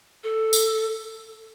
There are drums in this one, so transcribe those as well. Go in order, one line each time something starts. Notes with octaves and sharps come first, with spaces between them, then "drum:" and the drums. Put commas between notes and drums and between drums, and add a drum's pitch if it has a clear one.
A4
drum: tambourine